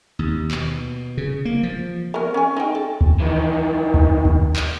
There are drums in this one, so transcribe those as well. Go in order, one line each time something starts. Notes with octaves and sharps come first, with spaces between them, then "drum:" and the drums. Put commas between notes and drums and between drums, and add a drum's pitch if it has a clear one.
D#2
B2, drum: clap
C#3
A#3
F3
B3 A#4
C#4 G#5
D#4 G5
A4
drum: kick D2
D#3 E3
drum: kick D2
drum: kick D2
drum: clap